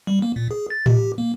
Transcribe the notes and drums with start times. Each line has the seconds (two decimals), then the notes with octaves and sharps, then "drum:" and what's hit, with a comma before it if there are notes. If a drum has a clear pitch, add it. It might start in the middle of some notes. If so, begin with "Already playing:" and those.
0.07 G3
0.22 A#3
0.36 A#2
0.51 G#4
0.70 A6
0.86 G4, drum: tom A2
1.18 A#3